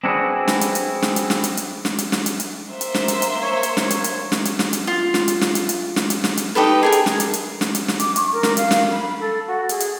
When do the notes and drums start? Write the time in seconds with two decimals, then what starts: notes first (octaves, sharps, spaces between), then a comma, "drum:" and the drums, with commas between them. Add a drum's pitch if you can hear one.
0.04 C4 D4 E4 F#4 G#4 B4
0.48 drum: snare
0.61 drum: hi-hat
0.75 drum: hi-hat
1.02 drum: snare
1.16 drum: hi-hat
1.30 drum: snare
1.44 drum: hi-hat
1.57 drum: hi-hat
1.85 drum: snare
1.98 drum: hi-hat
2.12 drum: snare
2.26 drum: hi-hat
2.40 drum: hi-hat
2.70 A#3 C5 E5
2.81 drum: hi-hat
2.95 drum: snare
3.08 drum: hi-hat
3.22 drum: hi-hat
3.42 C#5
3.63 drum: hi-hat
3.77 drum: snare
3.91 drum: hi-hat
4.04 drum: hi-hat
4.32 drum: snare
4.45 drum: hi-hat
4.59 drum: snare
4.73 drum: hi-hat
4.87 F4
5.14 drum: snare
5.28 drum: hi-hat
5.41 drum: snare
5.55 drum: hi-hat
5.69 drum: hi-hat
5.96 drum: snare
6.10 drum: hi-hat
6.24 drum: snare
6.37 drum: hi-hat
6.55 D#4 G4 A4 B4
6.83 G#4 A#4 G#5
6.92 drum: hi-hat
7.06 drum: snare
7.20 drum: hi-hat
7.33 drum: hi-hat
7.61 drum: snare
7.75 drum: hi-hat
7.88 drum: snare
8.00 D6, drum: hi-hat
8.16 C#6, drum: hi-hat
8.32 A#4
8.43 drum: snare
8.57 F5, drum: hi-hat
8.71 drum: snare
8.91 B5
9.20 A4
9.47 F#4
9.69 G#4, drum: hi-hat
9.80 drum: hi-hat